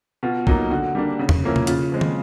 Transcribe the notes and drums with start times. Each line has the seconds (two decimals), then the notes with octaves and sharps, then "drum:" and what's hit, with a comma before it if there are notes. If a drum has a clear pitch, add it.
0.23 B2 F4
0.47 F#3 A#3 D#4, drum: kick A1
0.71 D3 F#4
0.95 G3 A#3 D4
1.19 C#3
1.29 drum: tom E2
1.44 F3 A#3 C#4 E4
1.56 drum: tom B2
1.67 C#3 F4, drum: hi-hat
1.92 F3 G#3 C4
2.01 drum: tom